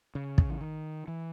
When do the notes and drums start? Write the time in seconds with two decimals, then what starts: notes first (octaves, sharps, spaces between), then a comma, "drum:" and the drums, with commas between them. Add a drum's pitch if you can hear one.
0.15 C#3
0.38 drum: kick
0.50 E3
0.61 D#3
1.08 E3